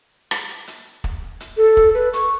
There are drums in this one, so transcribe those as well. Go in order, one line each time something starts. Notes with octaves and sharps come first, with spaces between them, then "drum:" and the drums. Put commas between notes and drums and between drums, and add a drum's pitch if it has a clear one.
drum: rim click
drum: hi-hat
drum: kick
drum: hi-hat
A4
drum: kick
B4
C#6, drum: hi-hat